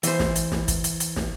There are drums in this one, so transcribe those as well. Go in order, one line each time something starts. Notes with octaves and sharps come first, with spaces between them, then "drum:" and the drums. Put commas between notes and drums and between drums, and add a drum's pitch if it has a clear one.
E3 C5, drum: hi-hat
drum: snare
drum: hi-hat
drum: snare
drum: kick, hi-hat
drum: hi-hat
drum: hi-hat
drum: snare